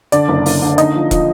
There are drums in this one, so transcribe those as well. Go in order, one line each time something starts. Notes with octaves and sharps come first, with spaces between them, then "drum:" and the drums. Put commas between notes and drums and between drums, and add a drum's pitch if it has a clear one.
D3 D5, drum: hi-hat
F#1
F#1, drum: open hi-hat
D3
D#4 D#5, drum: hi-hat
F3
F3, drum: kick, hi-hat